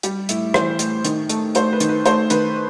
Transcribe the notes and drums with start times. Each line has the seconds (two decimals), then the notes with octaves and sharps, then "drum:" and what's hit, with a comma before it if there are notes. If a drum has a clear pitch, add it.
0.03 G3 G4, drum: hi-hat
0.29 A2 E4, drum: hi-hat
0.54 E3 C5, drum: rim click
0.79 A2, drum: hi-hat
1.05 D#3, drum: hi-hat
1.29 A3, drum: hi-hat
1.55 A3 C5, drum: hi-hat
1.73 B4
1.80 D#3, drum: hi-hat
1.89 B4
2.06 A3 C5, drum: hi-hat
2.30 D#3 B4, drum: hi-hat